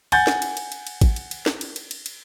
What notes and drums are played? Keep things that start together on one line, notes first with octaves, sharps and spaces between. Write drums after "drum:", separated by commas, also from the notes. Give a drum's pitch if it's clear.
F#5 G#5 G6 A6, drum: cymbal
drum: snare
drum: cymbal
drum: cymbal
drum: cymbal
drum: cymbal
drum: kick, cymbal
drum: cymbal
drum: cymbal
drum: snare
drum: cymbal
drum: cymbal
drum: cymbal
drum: cymbal